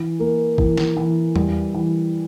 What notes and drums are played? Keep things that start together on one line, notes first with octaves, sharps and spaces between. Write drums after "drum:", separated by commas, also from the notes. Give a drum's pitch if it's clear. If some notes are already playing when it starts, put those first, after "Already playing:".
Already playing: E3
A#3
E3, drum: kick
drum: snare
E3
G3, drum: tom E2
E3